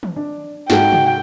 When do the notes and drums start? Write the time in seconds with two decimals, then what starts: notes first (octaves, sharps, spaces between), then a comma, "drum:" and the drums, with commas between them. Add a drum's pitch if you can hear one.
0.03 drum: tom
0.16 D4
0.70 G#2 F#4 A4 G5, drum: snare
0.92 drum: tom